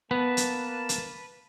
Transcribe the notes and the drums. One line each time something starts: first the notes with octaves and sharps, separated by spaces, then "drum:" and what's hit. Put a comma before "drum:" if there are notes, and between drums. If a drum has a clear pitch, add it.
A#3 B3 B4 A5
drum: hi-hat
drum: hi-hat